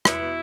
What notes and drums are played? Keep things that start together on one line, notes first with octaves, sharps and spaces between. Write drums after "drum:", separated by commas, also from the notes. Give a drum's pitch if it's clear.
B2 B3 E4, drum: rim click
B2